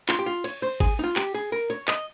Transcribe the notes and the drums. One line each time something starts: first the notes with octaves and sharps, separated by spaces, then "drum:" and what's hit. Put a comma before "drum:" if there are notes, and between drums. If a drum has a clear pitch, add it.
F4, drum: clap
G4
F4
C#5, drum: cymbal
C5
G#4, drum: kick, cymbal
D#4
F4
G4, drum: clap
G#4
A#4
C#5
D#5, drum: clap